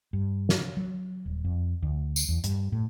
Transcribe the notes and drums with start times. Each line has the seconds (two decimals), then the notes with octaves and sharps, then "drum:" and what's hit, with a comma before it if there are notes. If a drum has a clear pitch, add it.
0.13 G2
0.49 drum: snare
0.77 F#3
1.25 D#1
1.45 F2
1.82 D2
2.16 drum: tambourine
2.29 E2
2.44 G2, drum: hi-hat
2.72 A2